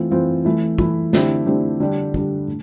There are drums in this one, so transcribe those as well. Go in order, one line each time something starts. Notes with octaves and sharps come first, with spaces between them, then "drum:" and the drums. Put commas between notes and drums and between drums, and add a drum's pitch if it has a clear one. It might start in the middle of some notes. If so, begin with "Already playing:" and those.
Already playing: E3 A3 C4 F4
E3 A3 C4 F4
E3 A3 E4
E3 A3 E4, drum: kick
D3 A3 C4 E4 G4, drum: snare
D3 A3 C4 E4 G4
D3 G3 D4 G4
D3 G3 D4 G4, drum: kick
A2